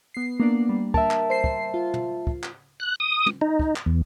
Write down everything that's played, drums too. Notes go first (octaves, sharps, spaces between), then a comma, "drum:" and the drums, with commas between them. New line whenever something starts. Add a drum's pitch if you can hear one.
B3 C7
A#3 B3 D4 D5
G3
A#4 E5 A5, drum: kick
drum: clap
C5 C7
drum: kick
F4
drum: tom
drum: kick
drum: clap
F#6
D#6
drum: tom
D#4
drum: kick
drum: clap
E2